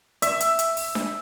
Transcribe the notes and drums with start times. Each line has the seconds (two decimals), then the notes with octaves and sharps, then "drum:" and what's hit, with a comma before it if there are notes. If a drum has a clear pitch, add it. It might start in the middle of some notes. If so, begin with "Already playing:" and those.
0.22 E5, drum: hi-hat
0.40 drum: hi-hat
0.59 drum: hi-hat
0.77 drum: open hi-hat
0.95 drum: snare D4